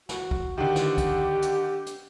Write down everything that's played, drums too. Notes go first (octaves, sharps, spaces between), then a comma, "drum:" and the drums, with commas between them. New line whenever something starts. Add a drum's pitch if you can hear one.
F#4, drum: snare
drum: kick
D3 D#3 G4
drum: snare
drum: kick, hi-hat
drum: hi-hat
drum: hi-hat